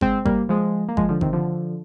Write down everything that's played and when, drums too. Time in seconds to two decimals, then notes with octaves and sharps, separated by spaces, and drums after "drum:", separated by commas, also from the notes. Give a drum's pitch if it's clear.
0.01 G#3 C4, drum: kick G#1
0.25 G3 A#3, drum: kick G#1
0.49 F3 G#3
0.89 A#3
0.97 F3 G#3, drum: kick G#1
1.09 D3 F3
1.21 C3 D#3, drum: kick G#1
1.33 D3 F3